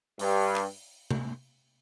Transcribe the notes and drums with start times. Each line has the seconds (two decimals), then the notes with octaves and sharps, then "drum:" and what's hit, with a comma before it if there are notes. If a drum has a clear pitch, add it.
0.19 G2, drum: open hi-hat
0.56 drum: clap
1.11 drum: tom C3